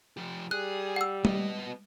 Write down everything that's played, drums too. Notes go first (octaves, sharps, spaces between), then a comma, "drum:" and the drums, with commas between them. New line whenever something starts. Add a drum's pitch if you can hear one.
F3 G4
G3 G#4 F#6
F#5 E6
B3 D#5, drum: tom G3